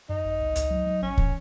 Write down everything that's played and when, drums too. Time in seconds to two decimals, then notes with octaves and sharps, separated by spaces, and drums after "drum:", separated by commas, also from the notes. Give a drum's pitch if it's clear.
0.09 F#2 D#4
0.25 G#1
0.40 C#2
0.56 C#2, drum: hi-hat
0.71 F#3
0.87 F#3
1.02 G#1 C#4
1.18 E3, drum: kick